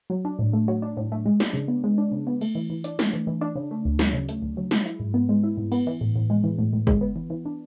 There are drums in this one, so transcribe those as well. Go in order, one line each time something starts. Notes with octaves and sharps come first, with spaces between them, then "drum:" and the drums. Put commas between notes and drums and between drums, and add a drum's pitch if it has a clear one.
F#3
D4
A2
A3
F#3
D4
A2
A3
G#3
D4, drum: snare
C#3
B3
G#3
D4
C#3
B3
A3, drum: cymbal
E3
E3
D4, drum: hi-hat
A3, drum: snare
E3
E3
D4
C#3
A3
D2
F#3, drum: snare
C#3
A3, drum: hi-hat
D2
F#3
G#3, drum: snare
E4
G#2
B3
G#3
E4
G#2
B3, drum: cymbal
E3
A2
A2
G#3
E3
A2
A2
G#3, drum: kick
B3
E3
E3
D4